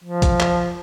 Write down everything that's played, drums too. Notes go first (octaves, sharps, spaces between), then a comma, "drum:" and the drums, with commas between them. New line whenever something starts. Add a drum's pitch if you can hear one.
F3
drum: kick, hi-hat
drum: clap